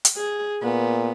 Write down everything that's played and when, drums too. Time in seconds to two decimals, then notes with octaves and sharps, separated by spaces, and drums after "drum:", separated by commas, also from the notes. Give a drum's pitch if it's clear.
0.05 drum: hi-hat
0.17 G#4
0.63 A#2 B3